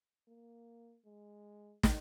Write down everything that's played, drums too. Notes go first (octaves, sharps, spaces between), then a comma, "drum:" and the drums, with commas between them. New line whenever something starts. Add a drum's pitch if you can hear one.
A#3
G#3
drum: snare